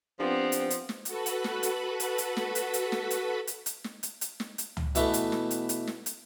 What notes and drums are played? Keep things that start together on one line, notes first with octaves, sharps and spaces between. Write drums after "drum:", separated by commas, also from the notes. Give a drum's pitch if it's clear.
F3 B3 C4 D4 F4 G4
drum: hi-hat
drum: hi-hat
drum: snare
F#4 A4 B4 B5, drum: hi-hat
drum: hi-hat
drum: snare
drum: hi-hat
drum: hi-hat
drum: hi-hat
drum: snare
drum: hi-hat
drum: hi-hat
drum: snare
drum: hi-hat
drum: hi-hat
drum: hi-hat
drum: snare
drum: hi-hat
drum: hi-hat
drum: snare
drum: hi-hat
drum: tom C#2
B2 E3 A3 B3, drum: hi-hat
drum: hi-hat
drum: snare
drum: hi-hat
drum: hi-hat
drum: snare
drum: hi-hat